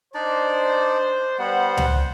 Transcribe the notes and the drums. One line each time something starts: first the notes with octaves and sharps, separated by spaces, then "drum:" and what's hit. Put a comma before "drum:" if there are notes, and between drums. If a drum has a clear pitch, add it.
D4 D#4 C5 D5
G3 B3 C5 F#5
drum: tom C#2